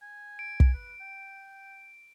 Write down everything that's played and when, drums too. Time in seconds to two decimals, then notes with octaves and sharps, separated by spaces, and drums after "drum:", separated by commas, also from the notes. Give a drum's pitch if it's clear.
0.02 G#5
0.39 D7
0.60 drum: kick
0.74 B4
1.00 G5